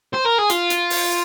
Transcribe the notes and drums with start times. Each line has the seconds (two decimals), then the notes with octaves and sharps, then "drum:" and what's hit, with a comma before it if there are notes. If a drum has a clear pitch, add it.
0.13 C5
0.25 A#4
0.38 G#4
0.50 F4, drum: hi-hat
0.70 drum: hi-hat
0.90 drum: open hi-hat